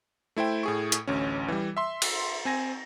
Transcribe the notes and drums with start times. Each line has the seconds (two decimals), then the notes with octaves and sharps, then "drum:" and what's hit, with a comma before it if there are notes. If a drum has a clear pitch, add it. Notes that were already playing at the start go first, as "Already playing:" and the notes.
0.36 A3 E4 C5 G5
0.63 A2 G#4 C#6
0.92 drum: hi-hat
1.07 A1 D2 C#4
1.48 E3 G3
1.77 E5 C6
2.02 drum: cymbal
2.45 C4 G#5 A#6